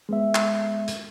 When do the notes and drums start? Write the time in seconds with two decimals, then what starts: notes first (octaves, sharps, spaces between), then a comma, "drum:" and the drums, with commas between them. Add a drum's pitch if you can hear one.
0.09 G#3 B3 E5
0.35 drum: clap
0.88 drum: hi-hat